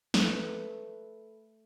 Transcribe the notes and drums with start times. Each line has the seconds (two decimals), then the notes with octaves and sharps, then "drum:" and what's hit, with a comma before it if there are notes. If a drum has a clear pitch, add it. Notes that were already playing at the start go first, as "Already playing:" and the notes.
0.14 A3 A4 B4, drum: snare